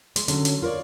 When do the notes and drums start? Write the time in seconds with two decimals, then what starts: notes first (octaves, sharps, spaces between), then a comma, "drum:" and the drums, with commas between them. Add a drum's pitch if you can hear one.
0.16 G#3, drum: hi-hat
0.28 D3 F#3 C#4, drum: hi-hat
0.45 drum: hi-hat
0.62 F4 A#4 B4 C#5 D5